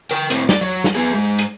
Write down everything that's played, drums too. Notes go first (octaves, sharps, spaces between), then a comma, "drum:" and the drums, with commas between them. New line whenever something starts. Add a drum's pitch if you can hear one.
A#4 G5
A2 C4, drum: hi-hat
D5, drum: snare
F#3
drum: snare
B3 G#4
G#2 G#3
drum: hi-hat